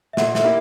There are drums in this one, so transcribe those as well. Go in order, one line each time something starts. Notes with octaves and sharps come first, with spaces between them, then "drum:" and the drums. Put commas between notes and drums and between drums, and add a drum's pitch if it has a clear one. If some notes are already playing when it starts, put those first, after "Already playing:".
E5
A#2 F#5, drum: snare
E5, drum: snare
A#3 E4 G4